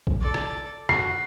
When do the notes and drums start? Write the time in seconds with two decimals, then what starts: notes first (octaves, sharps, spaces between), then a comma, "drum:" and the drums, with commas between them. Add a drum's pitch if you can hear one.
0.07 drum: kick A#1
0.21 A4 D5
0.34 drum: rim click
0.89 F#4 C7, drum: rim click